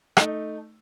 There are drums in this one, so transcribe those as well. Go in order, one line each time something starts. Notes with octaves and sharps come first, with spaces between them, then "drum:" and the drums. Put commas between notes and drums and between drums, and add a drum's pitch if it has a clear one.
A3 D#4, drum: rim click